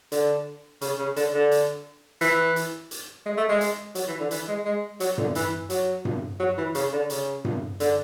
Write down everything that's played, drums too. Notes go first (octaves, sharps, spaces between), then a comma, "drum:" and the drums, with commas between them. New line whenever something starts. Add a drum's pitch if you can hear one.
D3, drum: hi-hat
C#3, drum: hi-hat
C#3
D3, drum: hi-hat
D3
drum: hi-hat
E3, drum: hi-hat
drum: hi-hat
drum: hi-hat
G#3
A3
G#3
drum: hi-hat
F#3, drum: hi-hat
E3
D3
E3, drum: hi-hat
G#3
G#3
F#3, drum: hi-hat
D3, drum: tom G2
E3, drum: hi-hat
F#3, drum: hi-hat
drum: tom G2
F#3
E3
C#3, drum: hi-hat
D3
C#3, drum: hi-hat
drum: tom G2
D3, drum: hi-hat